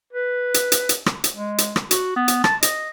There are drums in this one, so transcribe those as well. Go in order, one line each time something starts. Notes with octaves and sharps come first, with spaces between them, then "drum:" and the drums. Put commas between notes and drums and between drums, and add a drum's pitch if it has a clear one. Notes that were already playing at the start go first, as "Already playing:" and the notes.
B4
drum: hi-hat
drum: hi-hat
drum: hi-hat
drum: rim click
drum: hi-hat
G#3
drum: hi-hat
drum: rim click
F#4, drum: hi-hat
B3
drum: hi-hat
A5, drum: rim click
D#5, drum: hi-hat